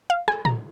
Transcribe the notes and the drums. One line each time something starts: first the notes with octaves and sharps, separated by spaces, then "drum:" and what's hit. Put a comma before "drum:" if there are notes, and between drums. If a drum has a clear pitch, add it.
F5
G#5, drum: rim click
A#5, drum: tom A2